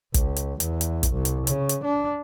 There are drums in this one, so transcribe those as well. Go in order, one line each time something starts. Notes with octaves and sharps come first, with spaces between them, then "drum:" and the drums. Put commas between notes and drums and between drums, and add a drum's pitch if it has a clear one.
C#2, drum: kick, hi-hat
drum: hi-hat
E2, drum: hi-hat
drum: hi-hat
drum: kick, hi-hat
C2
drum: hi-hat
C#3, drum: hi-hat
drum: hi-hat
D4